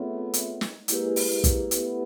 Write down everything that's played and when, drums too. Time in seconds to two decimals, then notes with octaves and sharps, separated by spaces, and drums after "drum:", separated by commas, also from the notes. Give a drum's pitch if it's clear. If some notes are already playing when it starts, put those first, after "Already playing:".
Already playing: A3 B3 C4 F4 G#4 C#5 E5
0.34 drum: hi-hat
0.61 drum: snare
0.88 G#3 A#3 E4 G4 B4, drum: hi-hat
1.16 drum: open hi-hat
1.29 G#3 A#3
1.44 drum: kick, hi-hat
1.71 A3 B3, drum: hi-hat